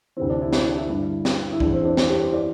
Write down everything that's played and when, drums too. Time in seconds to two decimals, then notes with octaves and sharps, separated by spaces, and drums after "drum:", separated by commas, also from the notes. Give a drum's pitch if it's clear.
0.17 D2 C3 E3 C4
0.30 D4
0.42 E4
0.53 E4, drum: snare
0.65 D4
0.78 E4
0.89 G2 D3
1.25 drum: snare
1.53 E4
1.60 E2 E3 D4, drum: kick
1.74 C4
1.79 E4
1.85 D4
1.97 E4, drum: snare
2.09 G4
2.21 C5
2.32 E3 D5